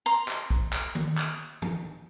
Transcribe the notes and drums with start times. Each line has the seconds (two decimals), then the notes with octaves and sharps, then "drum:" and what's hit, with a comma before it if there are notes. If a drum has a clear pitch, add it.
0.06 A#5 C6
0.28 drum: clap
0.50 drum: kick
0.73 drum: clap
0.95 drum: tom D#3
1.17 drum: clap
1.62 drum: tom